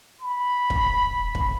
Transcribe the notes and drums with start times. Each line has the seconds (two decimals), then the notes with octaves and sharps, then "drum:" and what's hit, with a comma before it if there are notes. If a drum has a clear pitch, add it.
0.22 B5
0.70 drum: kick
1.35 drum: kick